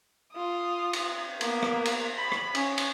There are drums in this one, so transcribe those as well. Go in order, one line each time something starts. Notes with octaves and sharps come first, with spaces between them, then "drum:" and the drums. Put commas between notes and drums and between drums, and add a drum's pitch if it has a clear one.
F4 D#6
drum: cymbal
A#3 B3, drum: cymbal
drum: rim click
drum: cymbal
B5
drum: rim click
C#4, drum: cymbal
drum: cymbal